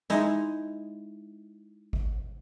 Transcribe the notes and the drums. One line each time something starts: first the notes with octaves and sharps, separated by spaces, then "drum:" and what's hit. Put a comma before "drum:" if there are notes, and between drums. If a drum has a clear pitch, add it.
G#3 D#4 E4, drum: hi-hat
drum: kick G#1